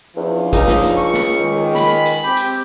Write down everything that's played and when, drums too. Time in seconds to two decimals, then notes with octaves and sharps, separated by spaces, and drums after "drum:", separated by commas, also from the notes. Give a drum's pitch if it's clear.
0.16 E2 F3 C#4 D4
0.53 C#2 D#4, drum: kick, hi-hat
0.68 drum: snare
0.83 drum: hi-hat
0.97 C#6
1.14 drum: snare
1.38 D#3 G#3
1.75 B5, drum: snare
2.06 drum: hi-hat
2.25 C4 G4
2.36 drum: hi-hat